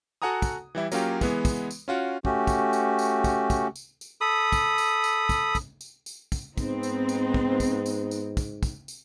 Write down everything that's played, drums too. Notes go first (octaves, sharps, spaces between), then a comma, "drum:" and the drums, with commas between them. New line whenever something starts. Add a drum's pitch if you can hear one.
F#4 A4 F#5 G#5 A#5 D#6
drum: kick, tambourine
E3 G3 E4
F#3 A#3 C#4 F4 G4, drum: tambourine
E3 G#3 B3, drum: kick, tambourine
drum: kick, tambourine
drum: tambourine
C#4 F4 F#4
A3 C#4 F#4 G4, drum: kick
drum: kick, tambourine
drum: tambourine
drum: tambourine
drum: kick, tambourine
drum: kick, tambourine
drum: tambourine
drum: tambourine
A4 B5 D#6
drum: kick, tambourine
drum: tambourine
drum: tambourine
drum: kick, tambourine
drum: kick, tambourine
drum: tambourine
drum: tambourine
drum: kick, tambourine
G#2 B3 C4 D#4, drum: kick, tambourine
drum: tambourine
drum: tambourine
drum: kick
drum: kick, tambourine
drum: tambourine
drum: tambourine
drum: kick, tambourine
drum: kick, tambourine
drum: tambourine